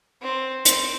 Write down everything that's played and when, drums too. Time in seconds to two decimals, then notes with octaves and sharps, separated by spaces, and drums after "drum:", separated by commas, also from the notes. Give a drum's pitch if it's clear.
0.22 C4
0.65 C4, drum: hi-hat